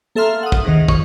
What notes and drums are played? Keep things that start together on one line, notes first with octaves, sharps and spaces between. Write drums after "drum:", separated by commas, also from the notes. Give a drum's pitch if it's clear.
A#3 A4 E5 F5 C6 F6
F#5 D#6
drum: kick
D#2 G#2 C3 D#3
F2 D#3 C#6, drum: kick